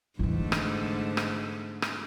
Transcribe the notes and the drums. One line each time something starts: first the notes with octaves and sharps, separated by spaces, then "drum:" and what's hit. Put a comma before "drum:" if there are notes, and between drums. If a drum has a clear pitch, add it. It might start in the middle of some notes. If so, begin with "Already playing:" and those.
G#2 D3 E3 A3 E4
drum: rim click
drum: rim click
drum: rim click